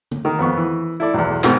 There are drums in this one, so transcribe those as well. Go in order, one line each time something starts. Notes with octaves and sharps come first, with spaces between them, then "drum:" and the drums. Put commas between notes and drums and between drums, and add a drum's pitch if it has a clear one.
drum: tom
D#3 A#3
F2 B3 C#6
E3
E4 A4 D5
B1 E2
G#2 B2 C4 A#4 C#6 F6, drum: clap